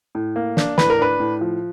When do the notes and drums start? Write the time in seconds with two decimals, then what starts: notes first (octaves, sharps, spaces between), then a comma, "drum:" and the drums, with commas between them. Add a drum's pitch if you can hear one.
0.15 A2
0.36 A#3
0.57 D4, drum: snare
0.78 A2 B4, drum: snare
0.90 A#4
0.99 D4 B4
1.20 A2
1.41 F3